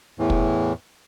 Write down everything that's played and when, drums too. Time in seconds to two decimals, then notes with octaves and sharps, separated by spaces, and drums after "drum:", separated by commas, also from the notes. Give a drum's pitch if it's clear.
0.19 E2 A2 E3
0.30 drum: kick